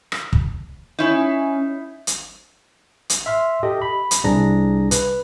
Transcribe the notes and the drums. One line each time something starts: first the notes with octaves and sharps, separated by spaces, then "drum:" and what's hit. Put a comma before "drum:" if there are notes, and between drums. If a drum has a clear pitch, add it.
drum: rim click
drum: kick
C#4 D#4 E4
drum: hi-hat
drum: hi-hat
E5 C6 F6
G4 A4 D#5
B5
drum: hi-hat
C2 D4 G#4 A#5 A#6
B4, drum: hi-hat